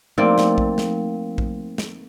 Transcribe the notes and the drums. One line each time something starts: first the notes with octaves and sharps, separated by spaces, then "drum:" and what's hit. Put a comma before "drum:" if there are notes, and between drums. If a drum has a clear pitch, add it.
F3 A3 A#3 C4 D#4 D5
drum: snare
drum: kick A#1
drum: snare
drum: kick A#1
drum: snare